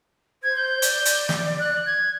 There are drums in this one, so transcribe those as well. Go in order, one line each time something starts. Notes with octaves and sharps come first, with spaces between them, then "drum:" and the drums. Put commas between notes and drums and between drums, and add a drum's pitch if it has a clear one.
C5 G#6
G6
D5, drum: hi-hat
drum: hi-hat
drum: snare
F#6
G#6